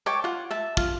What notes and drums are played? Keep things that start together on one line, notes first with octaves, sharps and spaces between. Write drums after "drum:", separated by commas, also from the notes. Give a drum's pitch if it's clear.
C#5 G5 A5 D6
F4 F#5
E5 A5
F4, drum: kick